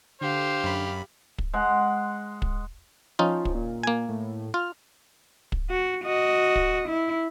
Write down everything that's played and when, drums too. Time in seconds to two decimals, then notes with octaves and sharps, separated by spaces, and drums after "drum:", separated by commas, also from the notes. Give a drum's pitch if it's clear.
0.21 D3 G4 C5 F5
0.64 F#2 B5
1.38 drum: kick
1.54 G#3 F#5
2.42 drum: kick
3.19 F3 C#4 D#4 F4
3.45 drum: kick
3.55 A#2
3.83 A#3 G#5
4.09 A2
4.54 F4 F6
5.52 drum: kick
5.70 F#4
6.04 F#4 D#5
6.56 drum: kick
6.88 E4